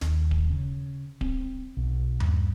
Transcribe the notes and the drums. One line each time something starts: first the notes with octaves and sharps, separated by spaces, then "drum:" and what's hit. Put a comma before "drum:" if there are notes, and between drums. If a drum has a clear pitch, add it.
D#2, drum: snare
drum: kick D1
C#3
C4, drum: kick D1
B1
G2, drum: tom D#2